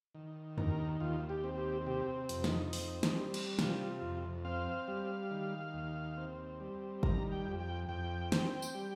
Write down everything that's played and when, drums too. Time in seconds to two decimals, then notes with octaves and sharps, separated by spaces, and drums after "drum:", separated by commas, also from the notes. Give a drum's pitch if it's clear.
0.15 D#3
0.58 D#2 A#4, drum: tom E2
1.00 D#2 F4
1.29 G4
1.44 C4
1.58 G4
1.86 C3 G4
2.29 F2, drum: hi-hat
2.44 D#4, drum: snare
2.73 C4, drum: open hi-hat
3.03 drum: snare
3.16 G3
3.34 drum: cymbal
3.59 C3 F4, drum: snare
4.01 F2
4.45 C4 F5
4.88 G3
5.31 D#3
5.74 D#2
6.17 C4
6.60 G3
7.03 D#3 A#5, drum: kick
7.32 G5
7.46 F2
7.60 G5
7.89 F2 G5
8.32 C4, drum: snare
8.62 drum: tambourine
8.75 G3